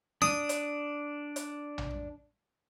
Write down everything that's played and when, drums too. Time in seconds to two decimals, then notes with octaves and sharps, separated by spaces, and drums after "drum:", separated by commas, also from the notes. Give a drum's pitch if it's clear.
0.22 D4 D#6, drum: snare
0.49 drum: hi-hat
1.36 drum: hi-hat
1.78 drum: tom A#1